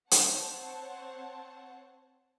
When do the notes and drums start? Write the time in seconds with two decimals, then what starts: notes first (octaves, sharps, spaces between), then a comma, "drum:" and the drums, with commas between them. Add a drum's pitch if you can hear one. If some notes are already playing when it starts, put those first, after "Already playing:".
0.11 C4 C5 C#5 F#5 A5, drum: hi-hat